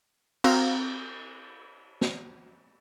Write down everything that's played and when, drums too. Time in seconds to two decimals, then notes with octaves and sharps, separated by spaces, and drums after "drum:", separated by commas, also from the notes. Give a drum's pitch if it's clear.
0.44 C4 F#4 F5 A#5, drum: cymbal
2.01 drum: snare